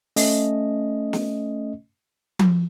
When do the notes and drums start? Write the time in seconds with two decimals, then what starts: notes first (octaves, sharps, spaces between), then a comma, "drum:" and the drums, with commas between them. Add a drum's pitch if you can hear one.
0.16 A3 C#4 D#5, drum: open hi-hat
1.13 drum: snare
2.39 drum: tom F3